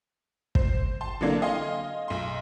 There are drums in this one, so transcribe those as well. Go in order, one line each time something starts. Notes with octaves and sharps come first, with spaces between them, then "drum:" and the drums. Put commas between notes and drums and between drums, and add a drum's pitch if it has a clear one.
C5, drum: kick
A5 C6
D3 E3 F#3 A#3 D4
D#5 F5 G#5 C6
B1 C6